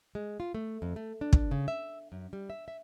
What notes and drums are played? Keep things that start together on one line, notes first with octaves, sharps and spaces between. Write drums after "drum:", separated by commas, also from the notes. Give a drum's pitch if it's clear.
G#3
F4
A3
F2
A3
D4
drum: kick
C#3
E5
F#2
G3
E5
E5